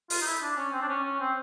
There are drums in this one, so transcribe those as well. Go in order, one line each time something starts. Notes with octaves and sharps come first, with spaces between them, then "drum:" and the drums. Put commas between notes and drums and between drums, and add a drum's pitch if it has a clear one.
F4, drum: open hi-hat
D#4
E4
D4
C#4
C4
D4
C#4
C#4
C4